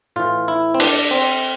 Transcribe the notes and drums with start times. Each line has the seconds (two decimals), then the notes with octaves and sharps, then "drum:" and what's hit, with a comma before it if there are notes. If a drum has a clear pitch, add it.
0.16 A2 E3 F4
0.48 E4
0.74 C4
0.80 D4, drum: cymbal
1.11 C4